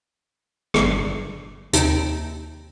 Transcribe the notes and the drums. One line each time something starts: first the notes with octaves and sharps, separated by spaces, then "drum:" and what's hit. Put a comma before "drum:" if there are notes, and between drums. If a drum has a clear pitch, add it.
G1 G3 C7, drum: rim click
D#2 C3 D#4 A5 D7, drum: hi-hat